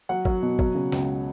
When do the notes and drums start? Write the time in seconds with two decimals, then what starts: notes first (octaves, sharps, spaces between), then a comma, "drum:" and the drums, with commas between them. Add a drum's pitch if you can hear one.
0.09 F#3 F#5
0.25 F#3, drum: kick
0.42 B2
0.59 F#3, drum: kick
0.75 C#3
0.92 C#2, drum: snare